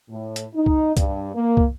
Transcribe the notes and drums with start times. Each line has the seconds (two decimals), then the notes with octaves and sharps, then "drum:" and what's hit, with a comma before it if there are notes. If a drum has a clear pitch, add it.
0.10 A2
0.36 drum: hi-hat
0.55 D#4
0.66 drum: kick
0.97 G2, drum: kick, hi-hat
1.34 A#3
1.57 drum: kick